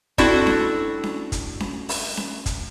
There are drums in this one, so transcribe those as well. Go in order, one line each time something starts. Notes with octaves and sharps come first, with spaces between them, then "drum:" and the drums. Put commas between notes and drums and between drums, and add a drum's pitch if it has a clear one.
C4 D4 E4 F#4 A4, drum: kick, hi-hat
drum: snare C#4
drum: snare C#4
drum: kick, hi-hat
drum: snare C#4
drum: open hi-hat
drum: snare C#4
drum: kick, hi-hat